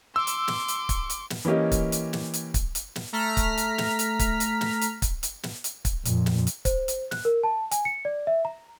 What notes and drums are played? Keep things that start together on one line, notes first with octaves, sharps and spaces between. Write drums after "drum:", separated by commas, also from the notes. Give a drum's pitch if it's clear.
C6 D6 E6
drum: hi-hat
drum: snare
drum: hi-hat
drum: kick, hi-hat
drum: hi-hat
drum: snare
E3 A#3 C#4 G4 D#5
drum: kick, hi-hat
drum: hi-hat
drum: snare
drum: hi-hat
drum: kick, hi-hat
drum: hi-hat
drum: snare
A3 A#5 F6 B6
drum: kick, hi-hat
drum: hi-hat
drum: snare
drum: hi-hat
drum: kick, hi-hat
drum: hi-hat
drum: snare
drum: hi-hat
drum: kick, hi-hat
drum: hi-hat
drum: snare
drum: hi-hat
drum: kick, hi-hat
F2 A#2, drum: hi-hat
drum: snare
drum: hi-hat
C5, drum: kick, hi-hat
drum: hi-hat
F#6, drum: snare
A#4
A5
G#5, drum: hi-hat
C#7
D5
E5
A#5